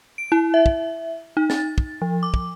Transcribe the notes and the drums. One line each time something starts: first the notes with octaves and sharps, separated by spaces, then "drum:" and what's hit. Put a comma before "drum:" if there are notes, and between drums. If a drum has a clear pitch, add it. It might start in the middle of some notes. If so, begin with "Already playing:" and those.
D7
E4
E5
drum: kick
D#4
A6, drum: snare
drum: kick
F3
D6
drum: kick